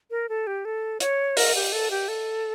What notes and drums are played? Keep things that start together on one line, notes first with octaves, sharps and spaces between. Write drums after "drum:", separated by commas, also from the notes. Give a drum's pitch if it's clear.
A#4
A4
G4
A4
C#5, drum: hi-hat
A#4, drum: open hi-hat
G4
A4
G4
A4